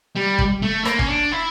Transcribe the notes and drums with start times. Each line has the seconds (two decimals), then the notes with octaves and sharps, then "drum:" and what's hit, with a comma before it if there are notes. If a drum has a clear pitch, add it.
0.16 G3
0.38 drum: kick
0.62 A3
0.85 A#3, drum: rim click
0.99 C#4, drum: kick
1.09 D4
1.33 E4